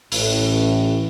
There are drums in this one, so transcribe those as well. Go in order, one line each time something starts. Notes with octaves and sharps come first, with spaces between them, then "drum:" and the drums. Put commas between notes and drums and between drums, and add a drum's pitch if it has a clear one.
A1 A2, drum: open hi-hat